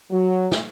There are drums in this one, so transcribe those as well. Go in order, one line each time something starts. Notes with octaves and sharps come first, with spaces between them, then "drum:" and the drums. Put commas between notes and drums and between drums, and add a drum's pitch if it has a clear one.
F#3
drum: snare